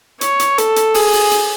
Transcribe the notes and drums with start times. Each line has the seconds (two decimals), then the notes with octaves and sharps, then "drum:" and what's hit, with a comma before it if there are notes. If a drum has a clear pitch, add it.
0.21 C#5, drum: hi-hat
0.40 drum: hi-hat
0.58 A4, drum: hi-hat
0.76 drum: hi-hat
0.94 G#4, drum: open hi-hat
1.13 drum: open hi-hat
1.31 drum: hi-hat